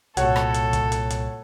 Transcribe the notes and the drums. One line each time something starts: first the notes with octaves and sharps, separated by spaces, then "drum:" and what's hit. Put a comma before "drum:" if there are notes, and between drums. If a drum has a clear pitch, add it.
C2 A#2 F#4 A4 C#5 F#5, drum: hi-hat
drum: rim click
drum: hi-hat
drum: kick, hi-hat
drum: hi-hat
drum: hi-hat